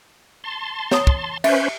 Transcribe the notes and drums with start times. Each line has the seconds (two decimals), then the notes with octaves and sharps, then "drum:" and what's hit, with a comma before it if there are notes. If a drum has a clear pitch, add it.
0.44 A5 C6
0.91 C#5 A#5 D#6, drum: snare
1.07 drum: kick
1.44 C#4 B4 C5 E5, drum: cymbal